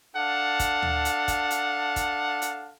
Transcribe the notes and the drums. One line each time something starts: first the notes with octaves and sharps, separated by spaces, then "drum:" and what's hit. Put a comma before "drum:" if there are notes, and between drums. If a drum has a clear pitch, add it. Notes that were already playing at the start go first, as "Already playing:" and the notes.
D4 A4 F5 F#5
drum: kick, hi-hat
drum: tom D2
drum: hi-hat
drum: kick, hi-hat
drum: hi-hat
drum: kick, hi-hat
drum: hi-hat